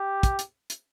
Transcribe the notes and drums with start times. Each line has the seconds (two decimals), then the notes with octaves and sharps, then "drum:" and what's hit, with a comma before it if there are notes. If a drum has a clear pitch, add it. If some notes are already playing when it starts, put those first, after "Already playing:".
Already playing: G4
0.23 drum: kick, hi-hat
0.39 drum: hi-hat
0.70 drum: hi-hat